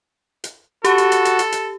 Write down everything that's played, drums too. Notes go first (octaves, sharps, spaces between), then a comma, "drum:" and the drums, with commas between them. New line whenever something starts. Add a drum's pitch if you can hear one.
drum: hi-hat
F#4 G4 A4, drum: hi-hat
drum: hi-hat
drum: hi-hat
drum: hi-hat
drum: hi-hat
drum: hi-hat